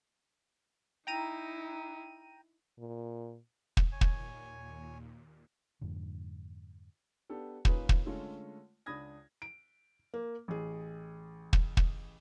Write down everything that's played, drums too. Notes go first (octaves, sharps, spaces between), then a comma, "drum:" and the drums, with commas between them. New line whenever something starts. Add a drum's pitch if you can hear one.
D#4 E4 G5 A#5 D#7
A#2
drum: kick
D#2 A#2 C#5 G#5
drum: kick
F2 G#2 D3
B3 D4 G4 A4
A#3 C#4 D#4 F4 G#4 B4, drum: kick
drum: kick
D3 G#3 A3 C#4 F4 A4
C#2 D4 B5 D#6 G#6 A#6
D7
A#3
A1 G#4
drum: kick
drum: kick